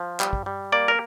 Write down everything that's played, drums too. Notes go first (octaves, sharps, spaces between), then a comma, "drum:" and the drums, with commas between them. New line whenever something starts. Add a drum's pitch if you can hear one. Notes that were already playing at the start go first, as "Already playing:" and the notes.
Already playing: F3
G3, drum: clap
drum: kick
G3
A#3 D5
A#4